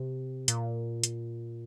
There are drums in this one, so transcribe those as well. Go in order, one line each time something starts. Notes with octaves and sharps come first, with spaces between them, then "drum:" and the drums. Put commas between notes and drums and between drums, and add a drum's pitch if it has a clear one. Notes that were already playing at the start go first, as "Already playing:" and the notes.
Already playing: C3
A#2, drum: hi-hat
drum: hi-hat